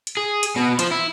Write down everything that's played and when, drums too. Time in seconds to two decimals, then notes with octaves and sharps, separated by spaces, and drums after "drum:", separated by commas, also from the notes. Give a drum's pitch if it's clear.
0.07 drum: hi-hat
0.17 G#4
0.43 drum: hi-hat
0.56 B2
0.79 F3, drum: hi-hat
0.91 E4